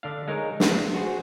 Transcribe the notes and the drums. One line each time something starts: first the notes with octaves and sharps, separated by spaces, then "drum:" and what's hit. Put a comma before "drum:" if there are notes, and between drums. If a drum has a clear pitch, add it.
D3 D4 F5
G#3 D#4 A#4 C#5
D4, drum: snare
F#4 G#4 C5